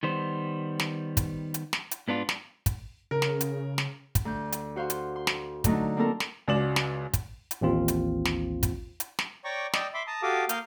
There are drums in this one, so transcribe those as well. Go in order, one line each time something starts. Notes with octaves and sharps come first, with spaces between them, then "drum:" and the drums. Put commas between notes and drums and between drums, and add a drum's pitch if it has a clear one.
D#3 G3 B3 C5
drum: snare
drum: kick, hi-hat
drum: hi-hat
drum: snare
drum: hi-hat
G#2 B3 D4 F4
drum: snare
drum: kick, hi-hat
C#3 A#4
drum: snare
drum: hi-hat
drum: snare
drum: kick, hi-hat
D2 G6
drum: hi-hat
F#4 C5 F5 C6
drum: hi-hat
C6
drum: snare
D3 F#3 A3 D4 D#4, drum: kick, hi-hat
A#3 C4 D4 F4 A4 A#4
drum: snare
C#2 C#3 F#4 D5 E7 F#7
drum: snare
drum: kick, hi-hat
drum: hi-hat
A1 D#2 C4 F4
drum: hi-hat
drum: snare
drum: kick, hi-hat
drum: hi-hat
drum: snare
C#5 D5 G5 A#5 C#6 D6
D5 D#5 G5 D6 E6, drum: snare
E5 B5 C6 D6
A5 A#5 D#6
F#4 G4 A4 F5 D6 D#6
A#3 A#4 F5 D#6 F6 G6, drum: hi-hat